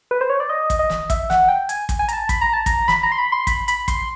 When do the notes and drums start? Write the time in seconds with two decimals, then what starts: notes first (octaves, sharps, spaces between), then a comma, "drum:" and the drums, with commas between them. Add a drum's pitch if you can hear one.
0.11 B4
0.21 C5
0.30 C#5
0.40 D5
0.50 D#5
0.70 drum: kick, hi-hat
0.79 D#5
0.90 drum: snare
1.10 E5, drum: kick, hi-hat
1.30 F#5, drum: snare
1.49 G5
1.69 G#5, drum: hi-hat
1.89 drum: kick, hi-hat
1.99 G#5
2.09 A#5, drum: hi-hat
2.13 A5
2.29 B5, drum: kick, hi-hat
2.41 A#5
2.53 A5
2.66 A#5, drum: kick, hi-hat
2.88 B5, drum: snare
3.03 A#5
3.12 C6
3.18 B5
3.32 C6
3.47 B5, drum: kick, hi-hat
3.68 B5, drum: hi-hat
3.88 C6, drum: kick, hi-hat